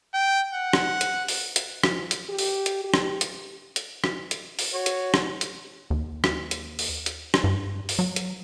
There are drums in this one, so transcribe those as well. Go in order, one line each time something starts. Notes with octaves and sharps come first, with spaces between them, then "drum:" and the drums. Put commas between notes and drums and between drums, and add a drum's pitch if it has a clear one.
G5
F#5
drum: rim click
drum: hi-hat
drum: open hi-hat
drum: hi-hat
F3, drum: rim click
drum: hi-hat
G4
drum: open hi-hat
drum: hi-hat
G4
drum: rim click
drum: hi-hat
drum: hi-hat
drum: rim click
drum: hi-hat
drum: open hi-hat
F#4 C#5
drum: hi-hat
drum: rim click
drum: hi-hat
D#2
drum: rim click
drum: hi-hat
drum: open hi-hat
drum: hi-hat
drum: rim click
G2
drum: open hi-hat
F#3
drum: hi-hat